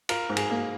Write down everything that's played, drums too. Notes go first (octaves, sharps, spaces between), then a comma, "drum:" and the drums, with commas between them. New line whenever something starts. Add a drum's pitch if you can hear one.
F4 A#4, drum: cymbal
G#2
G#4, drum: cymbal
A#3